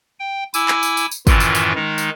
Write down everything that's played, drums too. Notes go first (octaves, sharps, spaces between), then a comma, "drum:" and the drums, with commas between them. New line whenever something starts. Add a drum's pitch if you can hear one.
G5
E4 G#5 D6 E6, drum: tambourine
drum: clap
drum: tambourine
drum: tambourine
drum: tambourine
F#2 A2 D#3 E3 E4 F4, drum: kick, tambourine
drum: tambourine
drum: tambourine
D#3 G#3 D#4
drum: tambourine